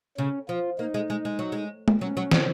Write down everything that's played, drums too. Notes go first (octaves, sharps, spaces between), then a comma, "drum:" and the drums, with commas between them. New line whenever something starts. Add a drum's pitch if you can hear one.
C#3 C#4
F3 F4
A#3 D#4
G#3
G#3
G#3
F#3
G#3
drum: tom
F#3 C#4
F#3
F3, drum: snare